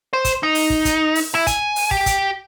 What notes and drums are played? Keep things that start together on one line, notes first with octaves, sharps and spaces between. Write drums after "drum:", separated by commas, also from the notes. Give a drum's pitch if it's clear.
C5
drum: kick, hi-hat
D#4
drum: open hi-hat
drum: kick
drum: kick, hi-hat
drum: open hi-hat
E4
G#5, drum: kick, hi-hat
drum: open hi-hat
G4, drum: kick
drum: kick, hi-hat